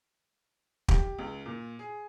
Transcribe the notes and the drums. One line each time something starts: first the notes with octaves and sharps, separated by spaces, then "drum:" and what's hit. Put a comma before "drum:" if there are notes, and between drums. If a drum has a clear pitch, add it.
G4, drum: kick
C#2
A#2
G#4